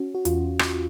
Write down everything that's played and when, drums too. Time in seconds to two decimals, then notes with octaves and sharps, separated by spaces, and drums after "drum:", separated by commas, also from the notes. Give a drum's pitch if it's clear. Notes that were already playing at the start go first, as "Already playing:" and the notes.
Already playing: C#4 F#4
0.15 F#4
0.25 E2 F4, drum: hi-hat
0.59 drum: rim click